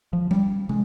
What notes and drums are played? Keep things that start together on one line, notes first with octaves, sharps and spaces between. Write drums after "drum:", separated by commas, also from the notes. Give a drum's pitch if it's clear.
F3
G3, drum: tom G3
G#3, drum: tom